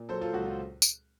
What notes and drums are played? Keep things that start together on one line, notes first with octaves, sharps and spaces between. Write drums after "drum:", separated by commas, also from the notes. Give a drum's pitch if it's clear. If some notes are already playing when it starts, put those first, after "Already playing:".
Already playing: A#2
F#3 A4 C5
F4 A4
C#2 F#4
F4
drum: tambourine